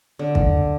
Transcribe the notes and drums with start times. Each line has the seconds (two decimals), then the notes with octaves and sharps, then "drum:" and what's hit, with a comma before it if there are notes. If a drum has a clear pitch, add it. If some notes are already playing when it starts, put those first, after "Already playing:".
0.19 D3
0.35 drum: kick